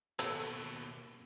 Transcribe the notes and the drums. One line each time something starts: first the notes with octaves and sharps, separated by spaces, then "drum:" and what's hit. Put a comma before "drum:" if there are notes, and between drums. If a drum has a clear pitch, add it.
D#2 B2 A4, drum: hi-hat